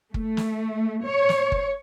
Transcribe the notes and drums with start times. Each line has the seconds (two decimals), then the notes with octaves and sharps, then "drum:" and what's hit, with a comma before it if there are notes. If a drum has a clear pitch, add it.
0.14 A3, drum: kick
0.37 drum: snare
1.06 C#5
1.29 drum: snare
1.52 drum: kick